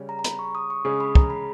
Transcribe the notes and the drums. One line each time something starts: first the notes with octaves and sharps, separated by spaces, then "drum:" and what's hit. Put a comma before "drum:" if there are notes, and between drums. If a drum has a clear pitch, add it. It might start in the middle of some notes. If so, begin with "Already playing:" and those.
Already playing: C#3 G3 C#4
A#5
A#5
B5, drum: hi-hat
C#6
D#6
C#6
C#3 G#3 C#4 G#4 D#6
B5
A#5, drum: kick
B5